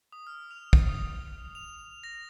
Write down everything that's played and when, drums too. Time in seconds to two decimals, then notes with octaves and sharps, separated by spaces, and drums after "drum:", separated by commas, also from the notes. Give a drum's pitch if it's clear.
0.12 D#6
0.27 F6
0.51 F7
0.73 drum: kick
0.89 D#6
1.55 F7
2.03 A#6